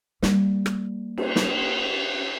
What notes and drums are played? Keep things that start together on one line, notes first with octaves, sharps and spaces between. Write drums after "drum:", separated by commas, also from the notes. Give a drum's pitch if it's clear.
G3 A#3, drum: snare
drum: rim click
drum: cymbal
drum: snare